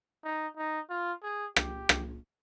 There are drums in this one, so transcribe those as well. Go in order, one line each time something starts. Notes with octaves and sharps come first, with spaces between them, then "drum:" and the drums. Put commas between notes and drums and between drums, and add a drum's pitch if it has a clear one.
D#4
D#4
F4
G#4
G4, drum: rim click
drum: rim click